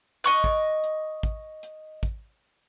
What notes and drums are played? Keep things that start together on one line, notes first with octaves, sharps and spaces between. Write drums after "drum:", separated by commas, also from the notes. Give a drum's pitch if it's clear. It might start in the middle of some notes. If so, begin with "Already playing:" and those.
D#5 C#6 F#6
drum: kick, hi-hat
drum: hi-hat
drum: kick, hi-hat
drum: hi-hat
drum: kick, hi-hat